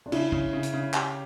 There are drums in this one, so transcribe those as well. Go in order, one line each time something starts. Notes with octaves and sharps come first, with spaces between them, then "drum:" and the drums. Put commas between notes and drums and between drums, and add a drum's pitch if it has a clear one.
D4
C#3 E4, drum: cymbal
C#3, drum: kick
C#3
drum: hi-hat
C#3
G4, drum: clap